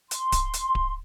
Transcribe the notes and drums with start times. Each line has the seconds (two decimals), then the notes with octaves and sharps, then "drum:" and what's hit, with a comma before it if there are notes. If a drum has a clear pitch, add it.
0.11 C6, drum: hi-hat
0.32 drum: kick D1, hi-hat
0.54 drum: hi-hat
0.75 drum: kick D1